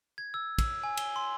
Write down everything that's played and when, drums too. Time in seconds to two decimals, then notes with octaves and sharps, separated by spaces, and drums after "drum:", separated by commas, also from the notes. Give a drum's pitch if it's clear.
0.18 G#6
0.34 E6
0.58 E6, drum: kick, cymbal
0.84 G#5
0.97 G7, drum: cymbal
1.16 C6